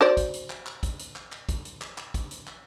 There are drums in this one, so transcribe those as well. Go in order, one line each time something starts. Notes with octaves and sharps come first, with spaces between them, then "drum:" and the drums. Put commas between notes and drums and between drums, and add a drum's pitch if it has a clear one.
F#4 C5 D5
drum: kick, hi-hat
drum: hi-hat
drum: clap
drum: clap
drum: kick, hi-hat
drum: hi-hat
drum: clap
drum: clap
drum: kick, hi-hat
drum: hi-hat
drum: clap
drum: clap
drum: kick, hi-hat
drum: hi-hat
drum: clap